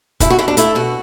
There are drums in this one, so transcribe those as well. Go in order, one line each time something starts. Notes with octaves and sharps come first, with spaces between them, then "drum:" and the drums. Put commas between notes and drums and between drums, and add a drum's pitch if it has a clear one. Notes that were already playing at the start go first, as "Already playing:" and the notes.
B2 E4, drum: kick, hi-hat
F#4
B2 E4
D4
A3 E4, drum: hi-hat
B2 F#4